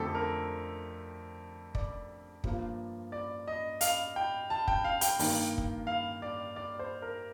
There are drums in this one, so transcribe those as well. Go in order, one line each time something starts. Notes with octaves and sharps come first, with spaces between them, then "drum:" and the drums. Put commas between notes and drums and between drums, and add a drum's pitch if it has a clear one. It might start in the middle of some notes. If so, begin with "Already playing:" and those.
Already playing: F2 D3 A3 C4 G4 A4
A#4
D5, drum: kick
G2 F3 A#3, drum: kick
D5
D#5
F5, drum: hi-hat
G5
A5
G5, drum: kick
F5
G5, drum: hi-hat
G2 D#3 A#3, drum: open hi-hat
drum: kick
F5
D5
D5
C5
A#4